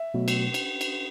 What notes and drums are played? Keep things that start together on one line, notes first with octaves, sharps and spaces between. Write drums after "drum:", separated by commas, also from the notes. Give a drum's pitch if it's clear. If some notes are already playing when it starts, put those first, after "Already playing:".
Already playing: E5
B2 F#3 A3
drum: cymbal
drum: cymbal
drum: cymbal